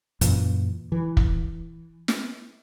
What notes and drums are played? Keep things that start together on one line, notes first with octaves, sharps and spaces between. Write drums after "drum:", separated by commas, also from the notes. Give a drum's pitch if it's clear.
F#2 A#2 E3, drum: hi-hat
E3
drum: kick
drum: snare